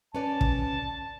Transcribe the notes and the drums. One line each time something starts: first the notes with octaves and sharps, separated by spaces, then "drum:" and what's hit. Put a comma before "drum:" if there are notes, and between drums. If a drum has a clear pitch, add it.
C#4 B4 D5 A5
drum: kick